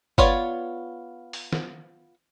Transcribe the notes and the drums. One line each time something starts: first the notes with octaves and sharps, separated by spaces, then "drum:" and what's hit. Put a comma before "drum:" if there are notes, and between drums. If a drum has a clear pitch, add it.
B3 F4 C#5 D5, drum: kick G1
drum: open hi-hat
drum: snare